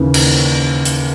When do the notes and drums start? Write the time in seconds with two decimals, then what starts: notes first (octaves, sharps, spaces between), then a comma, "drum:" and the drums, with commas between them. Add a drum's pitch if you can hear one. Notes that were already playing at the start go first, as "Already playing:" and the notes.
Already playing: D#2 C#3 E3
0.14 drum: cymbal
0.85 drum: hi-hat